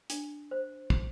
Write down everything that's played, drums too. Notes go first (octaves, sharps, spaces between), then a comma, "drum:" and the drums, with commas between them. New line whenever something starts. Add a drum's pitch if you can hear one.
D4, drum: hi-hat
C5
drum: kick